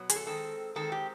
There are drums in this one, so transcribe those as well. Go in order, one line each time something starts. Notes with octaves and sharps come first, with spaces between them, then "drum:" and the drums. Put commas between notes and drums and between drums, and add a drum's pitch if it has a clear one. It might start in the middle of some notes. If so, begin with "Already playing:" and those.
Already playing: B2 F#3 B3
G#4, drum: hi-hat
A4
D#3 G#3 C4 A4
D#3 G#3 C4 A4
G4